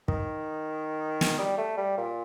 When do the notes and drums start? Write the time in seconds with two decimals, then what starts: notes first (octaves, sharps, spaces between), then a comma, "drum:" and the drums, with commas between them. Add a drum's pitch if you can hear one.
0.08 D#3, drum: kick
1.21 drum: snare
1.39 G3
1.58 A3
1.77 G3
1.97 A#2